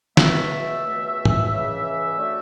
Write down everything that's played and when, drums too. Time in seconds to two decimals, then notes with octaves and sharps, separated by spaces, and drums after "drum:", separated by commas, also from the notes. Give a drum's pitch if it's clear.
0.17 C#2 B2 A3 E5, drum: snare
0.85 C#2 B2 A3
1.25 drum: tom G#2
1.50 C#2 C#3 E3
2.16 D3 F#3 A3